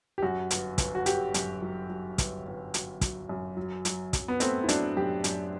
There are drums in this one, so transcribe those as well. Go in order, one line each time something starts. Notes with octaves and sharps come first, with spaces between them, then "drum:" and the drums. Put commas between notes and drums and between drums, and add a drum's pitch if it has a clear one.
G4
F#2 F#4
G1, drum: hi-hat
G1, drum: kick, hi-hat
F#4
G1 G4, drum: hi-hat
F#2, drum: hi-hat
F#3
F#3
G1, drum: kick, hi-hat
G1
F#3, drum: hi-hat
F#3, drum: kick, hi-hat
F#2
F#3
F#3, drum: hi-hat
F#2, drum: kick, hi-hat
B3
A3 C4, drum: hi-hat
E4
F#3 D4, drum: hi-hat
F#2 G4
F#2, drum: hi-hat